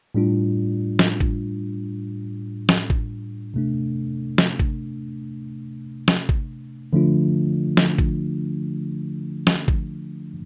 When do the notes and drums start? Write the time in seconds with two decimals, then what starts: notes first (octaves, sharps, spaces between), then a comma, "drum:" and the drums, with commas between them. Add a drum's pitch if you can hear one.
0.15 A2 G3 D4 F4
0.99 drum: snare
1.20 drum: kick G#1
2.69 drum: snare
2.90 drum: kick G#1
3.54 C3 A3 D4
4.38 drum: snare
4.59 drum: kick G#1
6.08 drum: snare
6.29 drum: kick G#1
6.93 D3 F3 A3 D4 F4
7.77 drum: snare
7.98 drum: kick G#1
9.47 drum: snare
9.68 drum: kick G#1